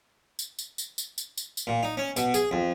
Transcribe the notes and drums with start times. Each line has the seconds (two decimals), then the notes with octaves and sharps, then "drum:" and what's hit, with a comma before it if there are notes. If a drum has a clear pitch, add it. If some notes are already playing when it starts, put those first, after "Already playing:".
0.39 drum: tambourine
0.59 drum: tambourine
0.78 drum: tambourine
0.98 drum: tambourine
1.18 drum: tambourine
1.37 drum: tambourine
1.57 drum: tambourine
1.67 A#2
1.83 D#4
1.97 C#4
2.16 B2, drum: tambourine
2.34 G#4, drum: tambourine
2.51 F2